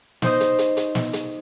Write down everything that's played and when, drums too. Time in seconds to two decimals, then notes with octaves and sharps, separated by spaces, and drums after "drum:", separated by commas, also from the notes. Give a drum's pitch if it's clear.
0.22 D#4 C5 D#5, drum: snare
0.40 drum: hi-hat
0.59 drum: hi-hat
0.77 drum: hi-hat
0.95 drum: snare
1.13 drum: hi-hat